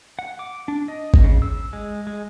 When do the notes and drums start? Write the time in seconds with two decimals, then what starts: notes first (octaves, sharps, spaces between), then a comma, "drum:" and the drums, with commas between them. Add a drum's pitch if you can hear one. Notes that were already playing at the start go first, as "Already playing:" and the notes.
0.19 F#5
0.39 D6
0.68 D4
0.88 D#5
1.14 drum: kick G#1
1.24 C#3
1.42 E6
1.73 G#3
2.07 G#3